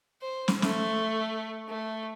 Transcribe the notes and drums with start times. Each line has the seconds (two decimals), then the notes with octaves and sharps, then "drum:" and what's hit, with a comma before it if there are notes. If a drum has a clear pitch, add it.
0.22 C5
0.48 drum: snare
0.62 A3, drum: snare
1.69 A3